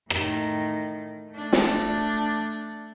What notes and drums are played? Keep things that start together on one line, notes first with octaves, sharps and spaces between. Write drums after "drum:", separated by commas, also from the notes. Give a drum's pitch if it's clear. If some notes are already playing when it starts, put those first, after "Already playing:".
A2 D#3, drum: rim click
A3 D4
drum: snare